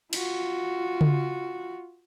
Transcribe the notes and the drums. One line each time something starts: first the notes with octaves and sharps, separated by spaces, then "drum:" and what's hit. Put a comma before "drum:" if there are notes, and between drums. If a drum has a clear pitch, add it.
F4 F#4, drum: cymbal
drum: tom C#3